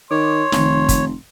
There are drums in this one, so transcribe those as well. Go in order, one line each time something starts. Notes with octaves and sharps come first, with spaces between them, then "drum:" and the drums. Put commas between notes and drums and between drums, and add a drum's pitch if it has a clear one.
D#3 C#5 C6 D6
F1 D#3, drum: snare
drum: kick, hi-hat